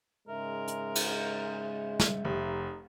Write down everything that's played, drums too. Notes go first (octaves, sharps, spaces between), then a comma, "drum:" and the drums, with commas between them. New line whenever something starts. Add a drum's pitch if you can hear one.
G#2 C#3 G#3 A#4 E5
drum: hi-hat
drum: cymbal
drum: snare
F1 D#4